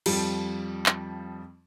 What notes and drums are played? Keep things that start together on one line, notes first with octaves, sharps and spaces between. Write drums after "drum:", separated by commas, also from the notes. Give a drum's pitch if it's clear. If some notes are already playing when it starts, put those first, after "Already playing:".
F2 F3 G3, drum: cymbal
drum: clap